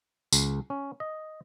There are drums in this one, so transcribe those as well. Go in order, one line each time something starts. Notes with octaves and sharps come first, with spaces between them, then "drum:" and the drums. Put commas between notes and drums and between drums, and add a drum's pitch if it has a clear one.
C#2, drum: tambourine
C#4
D#5